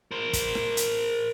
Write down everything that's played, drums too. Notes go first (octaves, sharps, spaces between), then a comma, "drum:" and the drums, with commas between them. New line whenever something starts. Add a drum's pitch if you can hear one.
A#4 C5
drum: kick, hi-hat
drum: rim click
drum: hi-hat